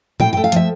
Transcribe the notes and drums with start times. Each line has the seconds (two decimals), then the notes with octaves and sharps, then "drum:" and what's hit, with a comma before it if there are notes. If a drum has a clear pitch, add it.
0.20 A2 G5, drum: tom A#2
0.33 A3 G5
0.44 F5
0.52 F3 E5, drum: hi-hat